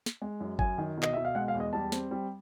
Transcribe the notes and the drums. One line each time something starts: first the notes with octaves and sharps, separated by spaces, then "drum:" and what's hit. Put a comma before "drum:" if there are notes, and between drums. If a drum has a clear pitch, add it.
drum: snare
G#3
F#2
F#2 G#5, drum: kick G#1
D#3
B2
D#5, drum: clap
B2 E5
F5
G#3 F#5
F5
E2
D#5
G3 A5
C4, drum: snare
G3